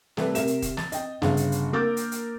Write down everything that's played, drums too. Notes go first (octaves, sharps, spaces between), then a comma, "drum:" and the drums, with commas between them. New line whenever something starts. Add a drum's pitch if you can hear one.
C3 G3 A3 A4 B4, drum: snare
C3 A#4 E5 E7, drum: hi-hat
drum: hi-hat
drum: kick D#1, hi-hat
A6, drum: snare
D#5 G5, drum: hi-hat
G1 C#3 F5 F#5, drum: snare
drum: hi-hat
drum: hi-hat
A#3 A#4 D6 E6 G6 A6
drum: hi-hat
drum: hi-hat